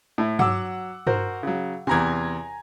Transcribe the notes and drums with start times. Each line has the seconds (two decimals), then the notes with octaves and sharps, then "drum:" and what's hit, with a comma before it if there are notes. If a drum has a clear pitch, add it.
0.18 A2 E4
0.39 F#3 F#5 D6 E6, drum: tom G2
1.07 F#4 A#4 C5, drum: tom G2
1.43 C#3 F#3
1.87 E2 C3 G#5 A#5 G#6